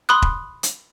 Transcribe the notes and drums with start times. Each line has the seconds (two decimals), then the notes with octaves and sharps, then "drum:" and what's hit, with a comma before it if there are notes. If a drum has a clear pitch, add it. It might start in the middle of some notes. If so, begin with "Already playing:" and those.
0.09 B5 C6 D#6 F#6
0.22 drum: kick E1
0.63 drum: hi-hat